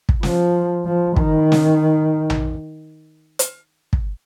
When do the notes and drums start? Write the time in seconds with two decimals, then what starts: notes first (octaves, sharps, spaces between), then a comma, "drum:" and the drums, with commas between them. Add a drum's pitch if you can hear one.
0.09 drum: kick
0.23 F3, drum: snare
0.85 F3
1.16 D#3, drum: kick
1.52 drum: snare
2.30 drum: tom A#1
3.39 drum: hi-hat
3.93 drum: kick